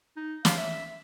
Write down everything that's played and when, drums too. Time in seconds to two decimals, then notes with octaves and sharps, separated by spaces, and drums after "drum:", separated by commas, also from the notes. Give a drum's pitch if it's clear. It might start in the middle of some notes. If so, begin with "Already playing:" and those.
0.17 D#4
0.45 F5, drum: snare
0.58 E5